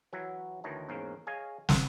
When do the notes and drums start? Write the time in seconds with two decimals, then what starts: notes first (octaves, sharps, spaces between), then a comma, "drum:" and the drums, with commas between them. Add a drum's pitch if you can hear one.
0.13 E3 F#3 F#4 C#5 E5
0.64 D2 D#3 E3 C#5 D#5 A5
0.89 E2 G#2 A#3 C#4 F5
1.27 G#4 C#5 D#5 F5 G#5
1.69 B4, drum: snare